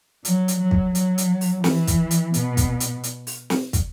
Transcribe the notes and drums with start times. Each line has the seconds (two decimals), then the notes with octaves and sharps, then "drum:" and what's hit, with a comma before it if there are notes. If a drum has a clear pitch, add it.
0.25 F#3, drum: hi-hat
0.48 drum: hi-hat
0.59 F#3
0.71 drum: kick
0.95 F#3, drum: hi-hat
1.18 drum: hi-hat
1.41 drum: open hi-hat
1.64 E3, drum: snare
1.87 drum: kick, hi-hat
2.11 drum: hi-hat
2.34 B2, drum: hi-hat
2.57 drum: kick, hi-hat
2.80 drum: hi-hat
3.04 drum: hi-hat
3.27 drum: open hi-hat
3.50 drum: snare
3.73 drum: kick, hi-hat